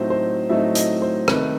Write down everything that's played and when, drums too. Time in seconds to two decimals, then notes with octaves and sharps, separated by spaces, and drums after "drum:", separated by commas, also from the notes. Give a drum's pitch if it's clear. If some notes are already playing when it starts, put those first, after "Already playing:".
Already playing: A2 F#3 A3 C4 D#4 C5 D#5
0.10 C5
0.49 A2 F#3 A3 C4 D#4 E5
0.75 D#5, drum: hi-hat
1.02 C5
1.28 C3 D#3 A3 D#4 B4, drum: rim click